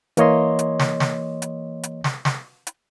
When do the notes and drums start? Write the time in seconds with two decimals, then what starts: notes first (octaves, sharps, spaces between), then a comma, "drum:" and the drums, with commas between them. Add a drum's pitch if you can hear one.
0.17 E3 A#3 C#5 D#5 C6, drum: hi-hat
0.59 drum: hi-hat
0.80 drum: snare
1.00 drum: snare
1.42 drum: hi-hat
1.83 drum: hi-hat
2.04 drum: snare
2.25 drum: snare
2.67 drum: hi-hat